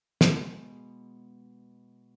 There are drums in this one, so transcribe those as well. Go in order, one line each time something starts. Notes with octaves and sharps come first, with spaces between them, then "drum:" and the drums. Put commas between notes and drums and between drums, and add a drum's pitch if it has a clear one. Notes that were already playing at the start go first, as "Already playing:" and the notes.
B2 G#3, drum: snare